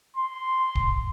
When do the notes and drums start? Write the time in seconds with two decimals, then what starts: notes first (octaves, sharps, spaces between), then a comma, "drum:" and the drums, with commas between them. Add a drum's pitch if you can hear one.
0.17 C6
0.75 drum: kick